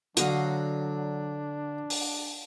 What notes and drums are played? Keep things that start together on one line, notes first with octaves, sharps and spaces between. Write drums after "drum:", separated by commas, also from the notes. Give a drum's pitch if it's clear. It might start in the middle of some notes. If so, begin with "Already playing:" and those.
D3 F#3 D4 F#4 D#5 F5, drum: hi-hat
drum: open hi-hat